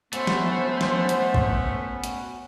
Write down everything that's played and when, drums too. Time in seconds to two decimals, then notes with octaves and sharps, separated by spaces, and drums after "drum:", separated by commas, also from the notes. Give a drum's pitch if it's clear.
0.13 A3 B3 C#4 F#4 C5, drum: hi-hat
0.27 drum: snare
0.81 drum: snare
1.09 drum: hi-hat
1.34 drum: kick A1
2.04 drum: hi-hat